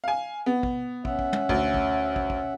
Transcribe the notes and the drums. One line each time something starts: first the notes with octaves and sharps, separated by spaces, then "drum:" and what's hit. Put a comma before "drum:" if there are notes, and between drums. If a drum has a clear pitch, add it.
F5 G#5
B3
drum: kick
C#4 E5 F#5, drum: kick
drum: kick
drum: tom
D2, drum: kick
drum: kick
drum: kick
drum: kick